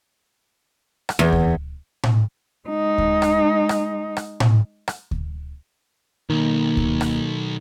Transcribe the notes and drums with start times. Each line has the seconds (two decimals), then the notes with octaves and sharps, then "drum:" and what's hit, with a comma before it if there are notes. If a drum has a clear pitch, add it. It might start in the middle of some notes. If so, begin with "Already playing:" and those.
1.09 drum: rim click
1.19 E2
1.32 drum: kick D2
2.03 drum: tom A2
2.68 G#3 D#4
2.98 drum: kick D2
3.22 drum: rim click
3.69 drum: rim click
4.17 drum: rim click
4.40 drum: tom A2
4.88 drum: rim click
5.11 drum: kick D2
6.30 B1 D#3 A#3
6.77 drum: kick D2
7.01 drum: rim click